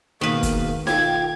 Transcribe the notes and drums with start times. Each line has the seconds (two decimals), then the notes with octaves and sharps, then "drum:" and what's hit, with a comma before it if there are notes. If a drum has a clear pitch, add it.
0.21 G#2 B2 D#3 A#3 B4
0.43 drum: kick, hi-hat
0.87 F4 A4 G5 G#6, drum: snare D#4